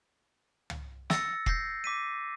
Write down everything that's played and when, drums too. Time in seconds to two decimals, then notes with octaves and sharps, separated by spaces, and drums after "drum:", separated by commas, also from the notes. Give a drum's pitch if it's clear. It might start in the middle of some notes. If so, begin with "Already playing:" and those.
0.70 drum: tom
1.10 E6 A6 A#6 C#7, drum: snare
1.46 G6 A#6 C7, drum: kick
1.84 D6 B6 D#7